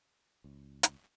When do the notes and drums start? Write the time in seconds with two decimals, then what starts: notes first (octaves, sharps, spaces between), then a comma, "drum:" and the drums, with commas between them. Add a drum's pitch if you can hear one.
0.44 C#2
0.83 drum: hi-hat